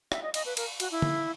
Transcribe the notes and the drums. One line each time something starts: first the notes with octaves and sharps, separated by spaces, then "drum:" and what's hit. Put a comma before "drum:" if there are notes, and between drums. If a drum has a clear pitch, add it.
E5, drum: rim click
D#5
D#5, drum: cymbal
B4
A#4, drum: cymbal
F#4, drum: cymbal
E4
drum: tom